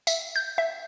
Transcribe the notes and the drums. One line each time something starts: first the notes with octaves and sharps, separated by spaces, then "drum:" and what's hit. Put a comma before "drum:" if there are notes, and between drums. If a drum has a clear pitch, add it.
E5, drum: tambourine
G6
E5